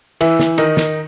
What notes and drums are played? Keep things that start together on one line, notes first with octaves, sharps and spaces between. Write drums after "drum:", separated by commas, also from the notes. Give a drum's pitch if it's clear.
E3 E4, drum: cymbal
drum: snare
D#3 D#4, drum: cymbal
drum: snare